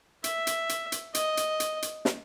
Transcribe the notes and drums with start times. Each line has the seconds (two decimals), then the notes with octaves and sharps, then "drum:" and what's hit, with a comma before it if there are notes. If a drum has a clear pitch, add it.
0.24 E5, drum: hi-hat
0.47 drum: hi-hat
0.69 drum: hi-hat
0.92 drum: hi-hat
1.15 D#5, drum: hi-hat
1.37 drum: hi-hat
1.60 drum: hi-hat
1.82 drum: hi-hat
2.05 drum: snare